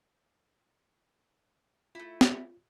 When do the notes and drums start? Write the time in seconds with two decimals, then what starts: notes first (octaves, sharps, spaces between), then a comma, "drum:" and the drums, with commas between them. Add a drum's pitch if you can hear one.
1.95 A3 E4 F4
2.21 drum: snare